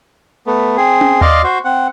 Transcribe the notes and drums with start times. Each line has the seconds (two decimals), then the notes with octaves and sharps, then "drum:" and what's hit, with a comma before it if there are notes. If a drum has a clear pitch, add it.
0.47 A3 B3
0.77 C4 G#4
1.01 drum: tom
1.21 D5 D#5 F5 C6, drum: tom D#2
1.44 F#4 C5
1.65 C4 F#5